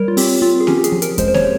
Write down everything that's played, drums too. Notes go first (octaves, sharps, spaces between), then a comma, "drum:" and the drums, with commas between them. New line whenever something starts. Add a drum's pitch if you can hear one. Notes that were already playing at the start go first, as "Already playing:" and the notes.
Already playing: G3 A#4 C#5
F4
C4 G4, drum: open hi-hat
C4 F4
G#4
C#4 G4, drum: snare A#3
G4
G#4, drum: hi-hat
F3
A#4, drum: hi-hat
G#3 C5, drum: kick E2, hi-hat
C5
C#5, drum: snare A#3